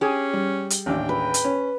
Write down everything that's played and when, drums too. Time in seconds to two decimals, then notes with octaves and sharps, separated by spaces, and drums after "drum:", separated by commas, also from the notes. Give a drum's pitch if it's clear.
0.01 C#4 G4 G#4
0.33 G3
0.70 drum: hi-hat
0.86 A1 D#2 D4 G5
1.09 B4
1.34 drum: hi-hat
1.45 C#4